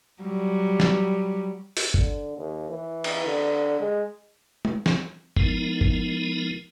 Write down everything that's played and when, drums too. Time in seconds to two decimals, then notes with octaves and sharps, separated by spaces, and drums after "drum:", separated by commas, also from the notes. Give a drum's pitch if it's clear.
0.23 F#3 G3
0.80 drum: snare
1.77 drum: open hi-hat
1.94 D3, drum: kick G1
2.37 D#2
2.70 E3
3.04 drum: cymbal
3.26 D3
3.80 G#3
4.65 drum: tom G#3
4.86 drum: snare
5.37 F3 G#3 B3 D#4 E4 A#4, drum: kick G1
5.81 drum: kick G1